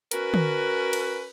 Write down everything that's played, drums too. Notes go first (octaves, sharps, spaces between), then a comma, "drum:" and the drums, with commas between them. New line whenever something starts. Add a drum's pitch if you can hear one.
C#4 F#4 A#4 B4, drum: hi-hat
drum: tom
drum: cymbal